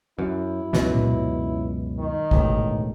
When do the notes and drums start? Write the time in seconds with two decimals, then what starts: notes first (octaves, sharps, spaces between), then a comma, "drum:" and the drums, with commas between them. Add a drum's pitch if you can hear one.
0.19 F#2 E4
0.73 C#2 F#2 B2, drum: snare
0.95 drum: tom A#2
1.99 D#3
2.31 E1 A1, drum: kick G#1